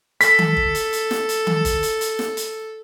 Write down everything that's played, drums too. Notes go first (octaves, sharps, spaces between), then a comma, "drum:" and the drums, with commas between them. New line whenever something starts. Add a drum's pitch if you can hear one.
A4 B6, drum: hi-hat
drum: tom D#3
drum: kick G1
drum: hi-hat
drum: hi-hat
drum: snare
drum: hi-hat
drum: tom D#3
drum: kick G1, hi-hat
drum: hi-hat
drum: hi-hat
drum: snare
drum: hi-hat